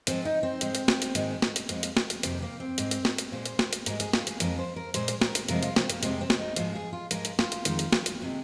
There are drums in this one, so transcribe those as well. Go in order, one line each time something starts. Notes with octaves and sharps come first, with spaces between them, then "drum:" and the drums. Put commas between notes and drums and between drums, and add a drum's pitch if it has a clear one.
G#2 F3 G#3 C4, drum: hi-hat
D#4
C4
G#2 G#3, drum: hi-hat
drum: hi-hat
drum: snare
drum: hi-hat
G#2 D#3 G#3, drum: hi-hat
drum: snare
drum: hi-hat
F2 F3 G#3, drum: hi-hat
drum: hi-hat
drum: snare
drum: hi-hat
F2 C3 D#3 C4, drum: hi-hat
A#3
C4
G#2 G#3, drum: hi-hat
drum: hi-hat
drum: snare
drum: hi-hat
A#2 G#3 C5
drum: hi-hat
drum: snare
drum: hi-hat
G#2 G#3 A#4, drum: hi-hat
G#4, drum: hi-hat
F4, drum: snare
G#4, drum: hi-hat
F2 F3 G#3 A#4, drum: hi-hat
C5
A#4
A#2 G#3 C5, drum: hi-hat
drum: hi-hat
A#4, drum: snare
drum: hi-hat
F2 C3 F3 G#3 A#4, drum: hi-hat
F4, drum: hi-hat
C4, drum: snare
A#3, drum: hi-hat
F2 C3 G#3 C4, drum: hi-hat
C4
drum: snare
D#4
G#2 F3 G#3 F4, drum: hi-hat
G#4
F4
G#2 F3 G#3 A#4, drum: hi-hat
drum: hi-hat
F4, drum: snare
drum: hi-hat
F2 D#3 G#3, drum: hi-hat
drum: hi-hat
drum: snare
drum: hi-hat
C3 G#3